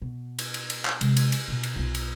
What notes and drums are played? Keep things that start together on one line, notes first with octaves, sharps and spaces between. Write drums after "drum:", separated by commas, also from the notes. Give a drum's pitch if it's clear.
B2
drum: cymbal
drum: cymbal
drum: cymbal
drum: clap
C3 G#3, drum: cymbal
drum: cymbal
drum: cymbal
B2 F4
drum: cymbal
B1 F4
drum: cymbal